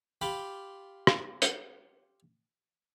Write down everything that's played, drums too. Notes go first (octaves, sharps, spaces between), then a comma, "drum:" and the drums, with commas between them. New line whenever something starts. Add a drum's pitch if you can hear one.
F4 G4 B5 D6
drum: rim click
drum: hi-hat